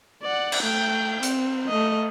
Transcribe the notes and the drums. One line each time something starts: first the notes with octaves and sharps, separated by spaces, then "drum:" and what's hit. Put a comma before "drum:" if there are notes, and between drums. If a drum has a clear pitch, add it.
D5 F#5
drum: cymbal
A3 G5
C4, drum: hi-hat
A3 D#5